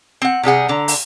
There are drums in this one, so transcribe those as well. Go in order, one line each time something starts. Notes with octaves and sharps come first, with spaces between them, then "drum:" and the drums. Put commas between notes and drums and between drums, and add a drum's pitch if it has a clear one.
C4 F#5
C3 G3 G#4 F#5
D3 A#5
drum: open hi-hat